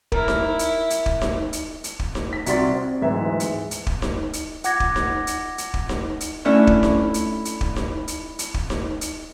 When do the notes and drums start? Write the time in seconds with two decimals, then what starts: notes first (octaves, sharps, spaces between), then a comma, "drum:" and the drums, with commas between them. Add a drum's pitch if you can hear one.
0.12 E4 A#4, drum: kick
0.28 drum: snare D#4
0.59 drum: hi-hat
0.90 drum: hi-hat
1.06 drum: kick
1.22 drum: snare D#4
1.53 drum: hi-hat
1.84 drum: hi-hat
1.99 drum: kick
2.15 drum: snare D#4
2.33 B6
2.46 C2 F#4 D5 C6 A6, drum: hi-hat
2.73 C4
3.02 D1 G#2 E3 E5
3.40 drum: hi-hat
3.71 drum: hi-hat
3.87 drum: kick
4.02 drum: snare D#4
4.33 drum: hi-hat
4.64 F4 F#5 D6 G#6 A#6, drum: hi-hat
4.80 drum: kick
4.96 drum: snare D#4
5.27 drum: hi-hat
5.58 drum: hi-hat
5.74 drum: kick
5.89 drum: snare D#4
6.20 drum: hi-hat
6.45 A3 C#4 D4 E4
6.67 drum: kick
6.83 drum: snare D#4
7.14 drum: hi-hat
7.45 drum: hi-hat
7.61 drum: kick
7.76 drum: snare D#4
8.08 drum: hi-hat
8.39 drum: hi-hat
8.54 drum: kick
8.70 drum: snare D#4
9.01 drum: hi-hat